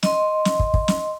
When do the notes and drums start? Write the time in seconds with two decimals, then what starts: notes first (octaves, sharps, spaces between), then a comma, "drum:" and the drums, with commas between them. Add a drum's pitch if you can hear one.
0.03 D#5 C6, drum: snare
0.45 drum: snare
0.59 drum: kick
0.74 drum: kick
0.88 drum: snare